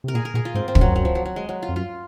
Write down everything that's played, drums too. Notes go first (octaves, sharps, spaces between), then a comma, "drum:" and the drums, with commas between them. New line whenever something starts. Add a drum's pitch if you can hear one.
C3 A#4
A#2 G#4
A#4
A#2 G#4
F4
G#2 C4
C4
F#2, drum: kick
F#3
F#3
F3
F#3
F#3
G#3
F#3
F4
F2
F#2 F4